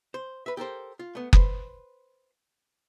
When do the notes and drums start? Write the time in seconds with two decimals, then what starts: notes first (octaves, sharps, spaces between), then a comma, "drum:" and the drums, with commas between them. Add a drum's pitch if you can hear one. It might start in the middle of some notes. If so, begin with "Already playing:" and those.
0.14 C5
0.46 B4 E5
0.57 G4 A4 A#4 C5
0.99 F4
1.15 A3 B3
1.33 B4 C5, drum: kick F#1